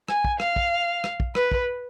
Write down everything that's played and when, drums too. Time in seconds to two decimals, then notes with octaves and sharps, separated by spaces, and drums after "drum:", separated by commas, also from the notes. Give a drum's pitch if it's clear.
0.08 G#5, drum: rim click
0.24 drum: kick
0.40 F5, drum: rim click
0.56 drum: kick
1.04 drum: rim click
1.20 drum: kick
1.35 B4, drum: rim click
1.52 drum: kick